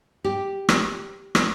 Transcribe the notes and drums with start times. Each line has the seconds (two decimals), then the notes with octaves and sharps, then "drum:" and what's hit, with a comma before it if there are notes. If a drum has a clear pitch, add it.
0.24 G4
0.69 drum: rim click
1.35 drum: rim click